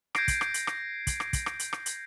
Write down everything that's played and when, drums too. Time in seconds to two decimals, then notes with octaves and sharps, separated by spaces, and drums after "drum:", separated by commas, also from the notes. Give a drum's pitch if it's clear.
0.15 G6 G#6 A#6 C7 D7, drum: rim click
0.28 drum: kick, hi-hat
0.41 drum: rim click
0.54 drum: hi-hat
0.67 drum: rim click
1.07 drum: kick, hi-hat
1.20 drum: rim click
1.33 drum: kick, hi-hat
1.46 drum: rim click
1.59 drum: hi-hat
1.73 drum: rim click
1.86 drum: hi-hat